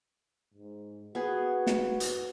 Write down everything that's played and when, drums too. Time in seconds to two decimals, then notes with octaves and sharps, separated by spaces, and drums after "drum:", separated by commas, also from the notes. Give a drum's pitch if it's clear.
0.54 G#2
1.15 B3 F#4 G#4
1.67 drum: snare
2.00 drum: hi-hat